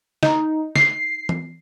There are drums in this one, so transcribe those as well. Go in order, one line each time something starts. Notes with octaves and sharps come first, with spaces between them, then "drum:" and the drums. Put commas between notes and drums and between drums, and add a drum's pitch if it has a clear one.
D#4, drum: snare
C7, drum: snare
drum: tom E3